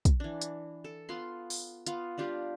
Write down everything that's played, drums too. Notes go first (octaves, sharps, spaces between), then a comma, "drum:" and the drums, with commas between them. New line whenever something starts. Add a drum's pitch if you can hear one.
drum: kick, hi-hat
E3 D4
drum: hi-hat
A4
B3 F4 C6
drum: open hi-hat
B3 F4, drum: hi-hat
G3 D4 F4 G4